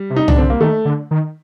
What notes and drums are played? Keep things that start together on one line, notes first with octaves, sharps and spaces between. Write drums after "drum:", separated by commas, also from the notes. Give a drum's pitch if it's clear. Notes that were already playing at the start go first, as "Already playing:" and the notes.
Already playing: G3
C3
D#4
D4, drum: tom C2
D3
C4
A#3
D#3 A3
D3
D#3